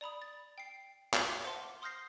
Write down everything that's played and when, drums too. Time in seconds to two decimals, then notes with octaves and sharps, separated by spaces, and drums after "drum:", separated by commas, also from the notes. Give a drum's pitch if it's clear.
0.01 D5 A#5 B5 D#6
0.22 A6
0.58 G5 C7
1.13 drum: clap
1.27 E5 C6 D6
1.45 C5 F#5 A5 C6
1.82 C6 D#6 F6 G6 A#6 C7